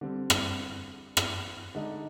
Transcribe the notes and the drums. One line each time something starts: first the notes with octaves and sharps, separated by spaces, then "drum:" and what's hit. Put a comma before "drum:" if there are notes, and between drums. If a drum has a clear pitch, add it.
D3 G3 C4
drum: rim click
drum: rim click
D3 G#3 D#4